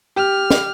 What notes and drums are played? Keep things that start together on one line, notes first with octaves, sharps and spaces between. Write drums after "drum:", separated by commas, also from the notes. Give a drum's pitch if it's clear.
G4 F6
drum: snare